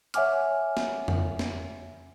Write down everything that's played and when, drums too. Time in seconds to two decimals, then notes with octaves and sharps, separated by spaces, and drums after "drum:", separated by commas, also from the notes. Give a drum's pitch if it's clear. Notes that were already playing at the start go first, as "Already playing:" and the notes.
0.14 C#5 E5 F#5 G#5 D6 F6, drum: hi-hat
0.77 drum: snare
1.08 drum: tom F2
1.39 drum: snare